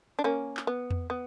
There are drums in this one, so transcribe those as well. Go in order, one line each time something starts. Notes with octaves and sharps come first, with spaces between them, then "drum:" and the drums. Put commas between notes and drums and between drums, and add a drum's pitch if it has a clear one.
D4
A#3 C#4
drum: clap
B3
drum: tom E2
B3